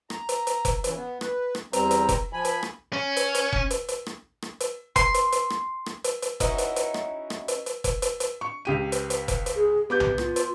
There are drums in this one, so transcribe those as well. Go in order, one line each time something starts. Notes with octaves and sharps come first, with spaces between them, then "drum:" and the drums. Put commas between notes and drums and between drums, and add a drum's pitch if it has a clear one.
A#5, drum: rim click
drum: hi-hat
drum: hi-hat
drum: kick F1, hi-hat
C#3 E3, drum: hi-hat
B3
B4, drum: rim click
drum: rim click
E2 G3 C4 A#5, drum: hi-hat
drum: hi-hat
drum: kick F1, hi-hat
F3 G#5 B5
drum: hi-hat
drum: rim click
C#4
drum: hi-hat
drum: hi-hat
drum: kick F1
drum: hi-hat
drum: hi-hat
drum: rim click
drum: rim click
drum: hi-hat
C6, drum: kick F1, hi-hat
drum: hi-hat
drum: hi-hat
drum: rim click
drum: rim click
drum: hi-hat
drum: hi-hat
C#4 D#4 E4 F#4, drum: kick F1, hi-hat
drum: hi-hat
drum: hi-hat
drum: rim click
drum: rim click
drum: hi-hat
drum: hi-hat
drum: kick F1, hi-hat
drum: hi-hat
drum: hi-hat
C#6
C#2 G4 D#7
drum: hi-hat
drum: hi-hat
drum: kick F1, hi-hat
drum: hi-hat
G#4
B3 G4 D6 G6
drum: tom B1
F4, drum: rim click
drum: hi-hat